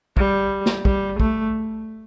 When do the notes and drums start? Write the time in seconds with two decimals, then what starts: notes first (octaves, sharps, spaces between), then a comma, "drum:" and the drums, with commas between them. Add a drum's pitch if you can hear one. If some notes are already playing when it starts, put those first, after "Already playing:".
0.17 G3, drum: kick
0.66 drum: snare
0.85 G3, drum: kick
1.20 A3, drum: kick